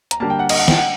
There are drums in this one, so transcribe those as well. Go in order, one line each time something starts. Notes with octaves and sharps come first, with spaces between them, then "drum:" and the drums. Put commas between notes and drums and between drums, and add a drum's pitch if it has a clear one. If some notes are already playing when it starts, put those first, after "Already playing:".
A#5, drum: hi-hat
D3 G3 A#3 A5
G5
F#5
D#5, drum: cymbal
F#5
G5, drum: snare
F#5